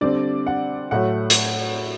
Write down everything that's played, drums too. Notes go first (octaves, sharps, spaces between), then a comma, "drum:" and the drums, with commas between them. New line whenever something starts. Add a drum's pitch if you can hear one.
D3 G3 C4 D5
F#5
A2 F#3 A3 F#5
drum: hi-hat